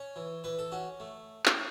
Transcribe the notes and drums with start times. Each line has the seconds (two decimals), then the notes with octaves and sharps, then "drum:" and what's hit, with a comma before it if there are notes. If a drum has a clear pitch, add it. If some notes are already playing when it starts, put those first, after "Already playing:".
Already playing: C#4 C#5
0.16 E3
0.44 E3 B4
0.59 A4
0.72 C#4 F#4
1.00 A3
1.46 drum: clap